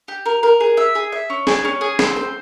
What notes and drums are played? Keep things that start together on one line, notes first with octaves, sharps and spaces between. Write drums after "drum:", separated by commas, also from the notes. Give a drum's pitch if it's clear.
G4
A#4
A#4
G#4
E5
G#4
E5
C#4
G#4, drum: snare
C#4
G#4
C4, drum: snare
C5